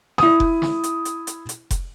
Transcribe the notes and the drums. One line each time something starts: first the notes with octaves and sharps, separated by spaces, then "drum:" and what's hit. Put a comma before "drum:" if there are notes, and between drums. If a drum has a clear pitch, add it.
E4 D#6, drum: snare
drum: kick F1
drum: snare
drum: hi-hat
drum: hi-hat
drum: hi-hat
drum: hi-hat
drum: kick F1, hi-hat